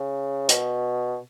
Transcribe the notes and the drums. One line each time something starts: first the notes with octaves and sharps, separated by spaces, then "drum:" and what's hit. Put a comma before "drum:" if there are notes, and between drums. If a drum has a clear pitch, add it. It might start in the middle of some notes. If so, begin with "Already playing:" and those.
Already playing: C#3
B2, drum: hi-hat